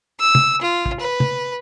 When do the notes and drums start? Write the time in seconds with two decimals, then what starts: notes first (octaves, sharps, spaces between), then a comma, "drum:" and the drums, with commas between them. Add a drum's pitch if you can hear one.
0.20 E6
0.35 drum: tom
0.62 F4
0.86 drum: kick
1.00 B4
1.20 drum: tom